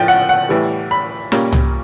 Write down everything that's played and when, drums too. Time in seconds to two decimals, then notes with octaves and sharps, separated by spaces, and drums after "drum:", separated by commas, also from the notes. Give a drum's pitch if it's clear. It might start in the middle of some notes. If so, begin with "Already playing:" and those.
Already playing: A2 F3 A3 G5
0.08 F#5
0.29 F#5
0.49 A2 E3 G3
0.91 B5
1.32 A#2 G3 A#3 C#4, drum: snare
1.52 drum: tom C2